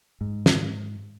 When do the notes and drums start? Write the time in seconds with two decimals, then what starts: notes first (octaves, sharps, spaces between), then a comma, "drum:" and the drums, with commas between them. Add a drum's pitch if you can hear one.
0.21 G#2
0.46 drum: snare